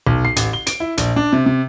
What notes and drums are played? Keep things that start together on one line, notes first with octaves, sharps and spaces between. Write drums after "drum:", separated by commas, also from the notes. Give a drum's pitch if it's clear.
B1
C7
A1, drum: hi-hat
G7
D7, drum: hi-hat
E4
A#1, drum: hi-hat
D4
C3
C3